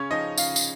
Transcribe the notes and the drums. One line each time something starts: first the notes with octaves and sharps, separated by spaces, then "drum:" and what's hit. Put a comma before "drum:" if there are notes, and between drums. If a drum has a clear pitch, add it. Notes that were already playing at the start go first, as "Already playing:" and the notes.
Already playing: C#3 C#4 C#5
F3 D#4 D#5
C#3 F4 F5, drum: tambourine
drum: tambourine